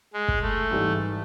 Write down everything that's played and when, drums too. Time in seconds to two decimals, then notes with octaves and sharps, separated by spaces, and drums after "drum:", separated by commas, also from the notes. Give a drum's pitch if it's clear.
0.14 G#3
0.28 drum: kick
0.42 A3
0.71 G#2 E3 G3